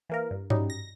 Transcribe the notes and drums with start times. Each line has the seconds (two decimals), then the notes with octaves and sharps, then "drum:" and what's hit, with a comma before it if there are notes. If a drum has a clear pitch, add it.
0.09 E3 A#3 A#4
0.31 G2
0.50 F#3 G3 C#4 D#4, drum: tom G2
0.70 A#6